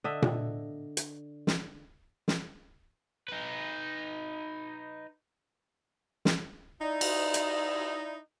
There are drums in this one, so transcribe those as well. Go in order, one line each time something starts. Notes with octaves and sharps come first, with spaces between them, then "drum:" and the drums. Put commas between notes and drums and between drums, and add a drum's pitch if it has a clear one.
D3 D#5 E5
drum: tom A#2
drum: hi-hat
drum: snare
drum: snare
D#4 B4
drum: snare
D#4 E4 D5 D#6
drum: cymbal
drum: hi-hat